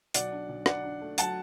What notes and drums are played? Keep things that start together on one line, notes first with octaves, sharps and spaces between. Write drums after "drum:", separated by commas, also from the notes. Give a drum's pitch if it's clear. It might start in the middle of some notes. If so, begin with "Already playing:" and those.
B1 D5 F#5, drum: hi-hat
D4
B1
D4 D5 F#5, drum: rim click
D4
A3
F#3 F#5 A5, drum: hi-hat